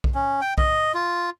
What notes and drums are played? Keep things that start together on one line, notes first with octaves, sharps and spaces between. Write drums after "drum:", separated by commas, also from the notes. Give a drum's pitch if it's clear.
drum: kick B1
C#4
G5
D#5, drum: kick B1
F4